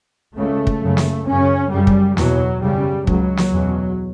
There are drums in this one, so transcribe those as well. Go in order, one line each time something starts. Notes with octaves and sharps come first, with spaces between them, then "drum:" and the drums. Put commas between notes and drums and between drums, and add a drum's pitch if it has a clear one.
C#2 C#3 A3
drum: kick
F#2 C#3
drum: snare
F#2 C#3 C#4
F#2 C#3 G3
drum: kick
E2 B2 F#3, drum: snare
F#2 C#3 G3
C#2 C#3 F#3, drum: kick
drum: snare
E2 B2